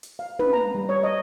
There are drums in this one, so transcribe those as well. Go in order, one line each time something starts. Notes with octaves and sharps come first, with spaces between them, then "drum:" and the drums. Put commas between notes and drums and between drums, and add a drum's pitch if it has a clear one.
drum: hi-hat
F5
B4, drum: tom
A#5
G3
C#5
D#5